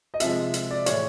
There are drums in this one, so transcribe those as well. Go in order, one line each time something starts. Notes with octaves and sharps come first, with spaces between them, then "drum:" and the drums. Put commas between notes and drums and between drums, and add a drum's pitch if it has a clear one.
D#5
C3 F3 G#3 E5, drum: hi-hat
drum: hi-hat
D5
A2 E3 G#3 C#5, drum: hi-hat